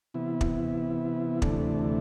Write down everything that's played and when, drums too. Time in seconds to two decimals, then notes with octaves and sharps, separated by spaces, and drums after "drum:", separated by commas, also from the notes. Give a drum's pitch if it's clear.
0.14 C3 E3 B3 E4
0.41 drum: kick
1.42 D2 C3 E3 A3 D4, drum: kick